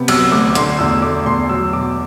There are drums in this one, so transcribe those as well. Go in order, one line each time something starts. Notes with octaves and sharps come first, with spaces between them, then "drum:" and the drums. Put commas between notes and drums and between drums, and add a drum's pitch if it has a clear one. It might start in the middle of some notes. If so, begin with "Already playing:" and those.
Already playing: C3 B3
F#3 E6, drum: cymbal
D2 D6
D3 C6, drum: hi-hat
E2 E6
A3 D6
E2 C6
F#3 E6
B2 D6